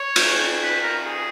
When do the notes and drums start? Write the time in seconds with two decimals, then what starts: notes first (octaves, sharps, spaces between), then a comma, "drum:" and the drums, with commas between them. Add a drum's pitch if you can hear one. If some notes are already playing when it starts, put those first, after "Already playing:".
Already playing: C#5
0.16 drum: cymbal
0.63 B4
0.83 A#4
1.03 G#4